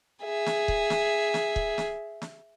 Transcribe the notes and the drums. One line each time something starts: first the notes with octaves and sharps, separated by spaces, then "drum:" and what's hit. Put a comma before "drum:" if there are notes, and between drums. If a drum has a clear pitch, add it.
G#4 E5
drum: snare
drum: kick
drum: snare
drum: snare
drum: kick
drum: snare
drum: snare